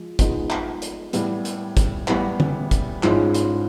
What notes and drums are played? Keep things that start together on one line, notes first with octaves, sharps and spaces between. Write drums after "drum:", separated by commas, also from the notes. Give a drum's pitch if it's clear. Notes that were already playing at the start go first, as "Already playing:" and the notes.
Already playing: F3 G#3
F3 G#3 B3 D#4, drum: kick, hi-hat
drum: clap
drum: hi-hat
A2 E3 G3 B3, drum: hi-hat
drum: hi-hat
drum: kick, hi-hat
A2 E3 G3 B3, drum: clap
drum: tom D3
drum: kick, hi-hat
G#2 F3 G#3 C#4 E4, drum: clap
drum: hi-hat